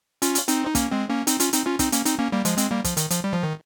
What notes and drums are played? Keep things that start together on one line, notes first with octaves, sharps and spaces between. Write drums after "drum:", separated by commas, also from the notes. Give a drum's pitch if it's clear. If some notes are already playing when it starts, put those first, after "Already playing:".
C#4 F4, drum: hi-hat
drum: hi-hat
C4 D#4, drum: hi-hat
D#4
A#3 C#4, drum: kick, hi-hat
G#3 C4
A#3 C#4
C4 D#4, drum: hi-hat
C#4 F4, drum: hi-hat
C4 D#4, drum: hi-hat
C#4 F4
C4 D#4, drum: kick, hi-hat
A#3 C#4, drum: hi-hat
C4 D#4, drum: hi-hat
A#3 C#4
G3 A#3
F3 G#3, drum: hi-hat
G#3 C4, drum: hi-hat
G3 A#3
F3, drum: kick, hi-hat
D#3, drum: hi-hat
F3, drum: hi-hat
G3
F3
D#3